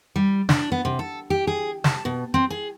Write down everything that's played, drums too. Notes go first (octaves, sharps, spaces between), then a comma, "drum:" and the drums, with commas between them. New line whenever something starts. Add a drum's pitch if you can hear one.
G3
D4, drum: snare
B3
C3
A4
G4
G#4
A5, drum: snare
B2
C4
G#4